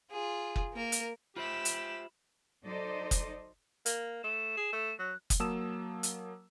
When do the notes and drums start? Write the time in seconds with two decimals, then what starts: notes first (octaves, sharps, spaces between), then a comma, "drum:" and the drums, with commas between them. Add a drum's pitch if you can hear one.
0.12 F4 G#4
0.56 drum: kick
0.73 A#3 A#4
0.92 drum: hi-hat
1.36 F4 G4 C5 E5 B5 E7
1.65 drum: hi-hat
2.63 F#3 D#4 A4 C5 D5 D#5
3.11 drum: kick, hi-hat
3.86 A#3, drum: hi-hat
4.24 A3 E7
4.57 G#4
4.73 A3
4.99 F#3 F#6
5.30 drum: kick, hi-hat
5.40 F#3 A#3 A5 D#6 E6 E7
6.03 drum: hi-hat